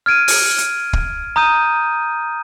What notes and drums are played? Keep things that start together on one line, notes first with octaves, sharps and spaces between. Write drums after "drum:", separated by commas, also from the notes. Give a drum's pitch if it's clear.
F6 G#6 D7 D#7
drum: open hi-hat
drum: hi-hat
drum: kick
A#5 D#6 G6 D#7